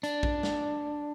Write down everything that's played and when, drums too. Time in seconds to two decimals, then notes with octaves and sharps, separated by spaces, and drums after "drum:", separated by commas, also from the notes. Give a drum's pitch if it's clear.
0.03 D4, drum: hi-hat
0.23 drum: kick A1
0.43 drum: snare